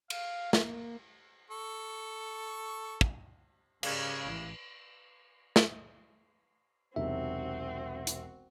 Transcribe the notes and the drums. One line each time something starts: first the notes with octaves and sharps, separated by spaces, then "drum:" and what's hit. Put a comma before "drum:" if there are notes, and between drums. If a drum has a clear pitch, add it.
F5, drum: cymbal
A#3, drum: snare
A4 C#6
drum: kick
G#2 C#3 G3 G#3 A#3 C#4 F5 G#6, drum: cymbal
A1 E3
drum: snare
E1 B1 C3 C4 F#4 E5
drum: hi-hat